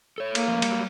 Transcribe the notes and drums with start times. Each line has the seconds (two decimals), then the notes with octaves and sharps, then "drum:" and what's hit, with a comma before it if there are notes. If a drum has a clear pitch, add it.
0.18 A4 C#5
0.35 A#3, drum: cymbal
0.48 F3 A3 C#4
0.62 F#3 G3, drum: cymbal